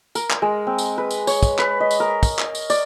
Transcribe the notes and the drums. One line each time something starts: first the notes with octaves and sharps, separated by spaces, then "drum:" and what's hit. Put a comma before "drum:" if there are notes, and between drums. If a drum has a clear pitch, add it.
A#4, drum: tambourine
drum: clap
G#3
C4
drum: tambourine
B4
drum: tambourine
C#5, drum: tambourine
drum: kick, tambourine
B4, drum: clap
D#5
drum: tambourine
A#4
drum: kick, tambourine
drum: clap
drum: tambourine
D5, drum: tambourine